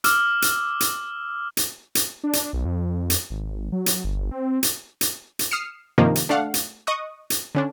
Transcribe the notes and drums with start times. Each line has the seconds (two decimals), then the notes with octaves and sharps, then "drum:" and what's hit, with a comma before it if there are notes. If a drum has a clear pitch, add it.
0.04 D6 E6 F6, drum: hi-hat
0.42 drum: hi-hat
0.80 drum: hi-hat
1.57 drum: hi-hat
1.95 drum: hi-hat
2.24 D4
2.33 drum: hi-hat
2.53 B1
2.65 F2
3.10 drum: hi-hat
3.30 G#1
3.72 F#3
3.86 drum: hi-hat
4.04 G1
4.31 C4
4.63 drum: hi-hat
5.01 drum: hi-hat
5.39 drum: hi-hat
5.51 D#6 F6 C7 C#7 E7
5.98 G2 C3 D#3 F3 A#3 D#4
6.16 drum: hi-hat
6.29 A3 D4 F5 F#5
6.54 drum: hi-hat
6.87 D#5 C#6 D#6 F#6
7.30 drum: hi-hat
7.55 D3 C#4 D4